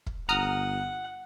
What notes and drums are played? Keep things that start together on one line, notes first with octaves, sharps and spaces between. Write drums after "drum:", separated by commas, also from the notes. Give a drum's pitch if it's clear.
drum: kick
G1 F#5 A#5 D#6 F6